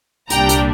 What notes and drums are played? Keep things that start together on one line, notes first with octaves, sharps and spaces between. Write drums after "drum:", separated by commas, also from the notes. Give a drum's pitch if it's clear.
C2 A#2 G3 D4 G5 A#5, drum: hi-hat
drum: hi-hat